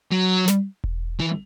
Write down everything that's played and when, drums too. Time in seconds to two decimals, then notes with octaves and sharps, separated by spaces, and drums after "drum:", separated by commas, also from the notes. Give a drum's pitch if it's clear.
0.12 F#3
0.48 drum: snare
0.84 drum: kick E1
1.20 E3